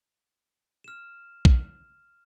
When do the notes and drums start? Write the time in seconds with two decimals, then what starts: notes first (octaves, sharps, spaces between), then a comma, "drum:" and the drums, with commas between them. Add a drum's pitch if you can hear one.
0.84 F6 E7
1.45 drum: kick B1